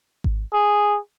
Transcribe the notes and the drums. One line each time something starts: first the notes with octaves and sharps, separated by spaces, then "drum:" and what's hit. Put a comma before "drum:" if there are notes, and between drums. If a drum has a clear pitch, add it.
drum: kick G#1
G#4